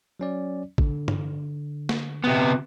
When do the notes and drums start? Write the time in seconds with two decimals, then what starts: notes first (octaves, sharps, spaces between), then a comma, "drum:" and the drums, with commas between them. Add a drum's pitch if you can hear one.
0.20 F#3 C#4 D5
0.78 D3, drum: kick
1.08 drum: tom G2
1.89 drum: snare
2.24 C3 B3